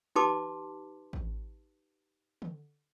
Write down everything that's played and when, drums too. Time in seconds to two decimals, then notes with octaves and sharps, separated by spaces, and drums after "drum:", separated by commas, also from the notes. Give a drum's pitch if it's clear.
0.16 D#4 G4 B4 A5 C6 D6
1.13 drum: kick
2.42 drum: tom D3